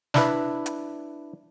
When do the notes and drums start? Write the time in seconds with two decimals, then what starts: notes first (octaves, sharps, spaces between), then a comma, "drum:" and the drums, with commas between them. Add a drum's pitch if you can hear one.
0.14 D4 E4 B4, drum: snare
0.66 drum: hi-hat